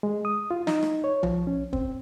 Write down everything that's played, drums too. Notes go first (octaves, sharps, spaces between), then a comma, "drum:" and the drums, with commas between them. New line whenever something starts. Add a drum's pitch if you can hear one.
G#3
D#6
F4
D#4, drum: snare
drum: rim click
C#5
F3, drum: tom B1
C#4
C4, drum: kick